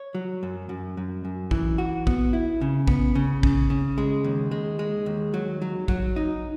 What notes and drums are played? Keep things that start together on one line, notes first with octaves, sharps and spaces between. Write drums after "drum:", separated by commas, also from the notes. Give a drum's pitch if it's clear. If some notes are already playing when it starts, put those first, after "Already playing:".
Already playing: C#5
F#3
F#2
F#2
F#2
F#2
E3, drum: kick A#1
F#4
B3, drum: kick A#1
E4
C#3
B3, drum: kick A#1
C#3
C#3, drum: kick A#1
C#3
G#3
D#2
G#3
G#3
D#2
F#3
F#3
F#3, drum: kick A#1
D#4